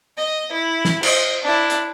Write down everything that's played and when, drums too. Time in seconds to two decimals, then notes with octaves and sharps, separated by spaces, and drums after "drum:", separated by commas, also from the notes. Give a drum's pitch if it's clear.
0.17 D#5
0.52 E4
0.85 drum: snare
1.03 C5 D#5, drum: cymbal
1.44 D4 E4
1.70 drum: hi-hat